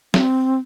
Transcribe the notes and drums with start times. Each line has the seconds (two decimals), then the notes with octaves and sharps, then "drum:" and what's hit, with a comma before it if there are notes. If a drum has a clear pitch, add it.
0.14 C4, drum: snare